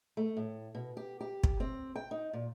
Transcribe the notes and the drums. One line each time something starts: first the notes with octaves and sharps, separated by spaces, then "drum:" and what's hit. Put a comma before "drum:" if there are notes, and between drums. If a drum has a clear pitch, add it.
A3
A2
B2
G4
G4
drum: kick
C4
G5
D#4
A#2